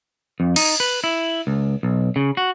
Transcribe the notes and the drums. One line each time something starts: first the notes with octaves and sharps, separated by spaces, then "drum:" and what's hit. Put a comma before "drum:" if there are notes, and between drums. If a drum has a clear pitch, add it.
F2
D#4, drum: cymbal
B4
E4
C#2
B1
C#3
F#4